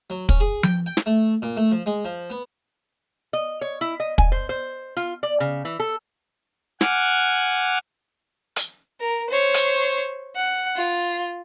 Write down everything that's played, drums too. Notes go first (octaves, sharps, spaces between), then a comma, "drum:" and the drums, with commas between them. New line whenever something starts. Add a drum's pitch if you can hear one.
F#3
C#4, drum: kick
G#4
G5, drum: tom F3
G5
drum: snare
A3
A#2
A3
F3
G#3
F3
B3
D#5
C#5
E4
D#5
G#5, drum: kick
C5
C5
F4
D5
C#3
E3
A4
F#5 G#5 D6 F6 F#6 G#6, drum: snare
drum: hi-hat
A#4
C5 C#5
drum: hi-hat
F#5
F4